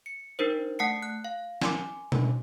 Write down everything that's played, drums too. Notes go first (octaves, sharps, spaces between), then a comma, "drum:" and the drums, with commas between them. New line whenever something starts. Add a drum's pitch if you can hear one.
C#7
D4 D#4 A#4 C5
A3 F#5 A5 C7 C#7
F#6
F5
G#5 C6 D6, drum: snare
drum: tom B2